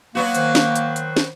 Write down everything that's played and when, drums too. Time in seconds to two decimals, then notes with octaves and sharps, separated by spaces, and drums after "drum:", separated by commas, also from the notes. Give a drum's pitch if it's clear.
0.15 F#3 A#3 B3 F#4
0.35 D#3 C5, drum: hi-hat
0.55 drum: snare
0.76 drum: hi-hat
0.96 drum: hi-hat
1.17 drum: snare